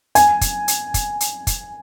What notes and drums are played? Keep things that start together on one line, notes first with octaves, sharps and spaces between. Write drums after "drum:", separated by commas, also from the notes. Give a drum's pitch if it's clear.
G#5, drum: hi-hat
drum: kick, hi-hat
drum: hi-hat
drum: kick, hi-hat
drum: hi-hat
drum: kick, hi-hat